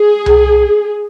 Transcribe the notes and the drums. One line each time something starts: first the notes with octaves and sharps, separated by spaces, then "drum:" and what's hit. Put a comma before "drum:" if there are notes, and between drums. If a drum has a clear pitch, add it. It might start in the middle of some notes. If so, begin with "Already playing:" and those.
Already playing: G#4
drum: tom C2